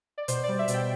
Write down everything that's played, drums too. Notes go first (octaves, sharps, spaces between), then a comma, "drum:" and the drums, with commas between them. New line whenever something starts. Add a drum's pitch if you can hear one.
D5
B2 C5, drum: hi-hat
G3 D5
E5
B2, drum: hi-hat
G5